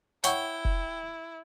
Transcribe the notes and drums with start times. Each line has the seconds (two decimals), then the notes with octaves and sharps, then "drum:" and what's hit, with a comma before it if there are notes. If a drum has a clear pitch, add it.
0.24 E4 C#5 F#5 G5 C#6, drum: hi-hat
0.65 drum: kick F1